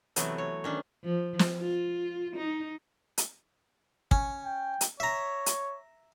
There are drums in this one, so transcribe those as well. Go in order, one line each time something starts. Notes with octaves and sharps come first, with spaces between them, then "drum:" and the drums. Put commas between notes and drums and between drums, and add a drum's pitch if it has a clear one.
C3 E3 F#3 A3 B3, drum: hi-hat
C#5
D#3 C#4 D4
F3
drum: snare
F4
D#4
drum: hi-hat
C#4, drum: kick
G5
drum: hi-hat
C#5 E5 A#5
drum: hi-hat